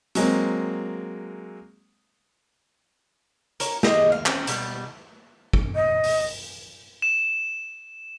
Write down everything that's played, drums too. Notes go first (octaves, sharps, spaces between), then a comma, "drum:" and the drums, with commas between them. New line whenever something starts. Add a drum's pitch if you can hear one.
F#3 G#3 A#3 C4, drum: hi-hat
A#3 C#5, drum: hi-hat
G4 G#4 D#5, drum: snare
F5
E3 C4 C#4, drum: clap
B2 G3, drum: hi-hat
drum: kick
D#5
drum: open hi-hat
E7